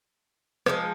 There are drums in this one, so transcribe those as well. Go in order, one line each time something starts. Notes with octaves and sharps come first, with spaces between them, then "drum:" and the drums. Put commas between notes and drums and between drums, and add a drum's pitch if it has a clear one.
F3 G#3 D#4, drum: rim click